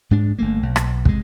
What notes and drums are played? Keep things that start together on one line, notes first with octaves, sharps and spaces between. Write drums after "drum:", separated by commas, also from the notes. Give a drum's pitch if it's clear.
G#2 G#3 D4
G1 A3 A#3
B1
drum: rim click
C3 G#3, drum: kick